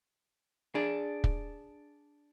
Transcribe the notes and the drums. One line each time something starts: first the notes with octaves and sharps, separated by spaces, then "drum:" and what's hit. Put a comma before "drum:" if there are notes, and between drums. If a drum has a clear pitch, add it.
D4 G#4
drum: kick